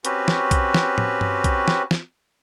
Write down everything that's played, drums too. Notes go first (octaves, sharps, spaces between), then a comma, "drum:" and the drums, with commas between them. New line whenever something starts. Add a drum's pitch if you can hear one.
C4 C#4 F#4 G4 B4, drum: hi-hat
drum: snare
drum: kick B1, hi-hat
drum: snare
drum: tom A2
drum: tom G2
drum: kick B1, hi-hat
drum: snare
drum: snare